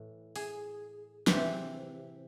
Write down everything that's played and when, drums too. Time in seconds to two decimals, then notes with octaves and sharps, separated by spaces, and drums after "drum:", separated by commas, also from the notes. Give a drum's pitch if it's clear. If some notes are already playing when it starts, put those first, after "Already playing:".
Already playing: A2 E3
0.36 G#4, drum: open hi-hat
1.27 C3 E3 G4, drum: snare